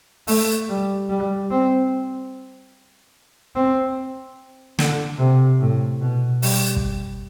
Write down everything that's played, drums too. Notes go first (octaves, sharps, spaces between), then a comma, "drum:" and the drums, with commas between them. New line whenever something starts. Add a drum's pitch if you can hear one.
A3, drum: open hi-hat
G3
G3
C4
C4
D3, drum: snare
C3
A2
B2
G3, drum: open hi-hat
drum: kick